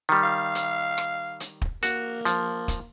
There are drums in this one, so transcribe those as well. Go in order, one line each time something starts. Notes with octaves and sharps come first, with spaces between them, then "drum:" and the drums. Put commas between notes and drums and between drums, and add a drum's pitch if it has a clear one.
D#3 G3
F5
drum: hi-hat
drum: rim click
drum: hi-hat
drum: kick
A#3 F#4, drum: hi-hat
F3, drum: hi-hat
drum: kick, hi-hat